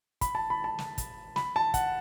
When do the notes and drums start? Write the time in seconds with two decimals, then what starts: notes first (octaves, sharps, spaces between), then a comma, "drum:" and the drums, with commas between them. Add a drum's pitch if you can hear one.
0.21 B5, drum: kick, hi-hat
0.35 A5
0.50 B5
0.64 A5
0.78 drum: snare
0.98 drum: kick, hi-hat
1.36 B5, drum: snare
1.56 A5
1.74 F#5, drum: kick, hi-hat